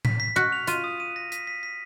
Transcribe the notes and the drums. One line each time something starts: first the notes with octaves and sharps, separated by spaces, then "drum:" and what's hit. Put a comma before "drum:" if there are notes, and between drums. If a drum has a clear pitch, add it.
B6, drum: tom A2
B6
F#4 F6
F7
F4 D#7, drum: hi-hat
D#6
D#7
A#6
B6, drum: hi-hat
B6
B6